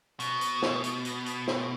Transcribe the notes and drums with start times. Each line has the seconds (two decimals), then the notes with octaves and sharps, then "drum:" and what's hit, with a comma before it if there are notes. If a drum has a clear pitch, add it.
0.20 B2, drum: hi-hat
0.41 drum: hi-hat
0.62 drum: snare
0.84 drum: hi-hat
1.05 drum: hi-hat
1.26 drum: hi-hat
1.47 drum: snare